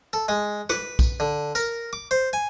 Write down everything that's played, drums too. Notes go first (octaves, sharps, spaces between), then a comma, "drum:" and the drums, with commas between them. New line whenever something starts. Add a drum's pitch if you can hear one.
A4
G#3
B4, drum: rim click
drum: kick, tambourine
D3
A#4, drum: tambourine
D6
C5
G#5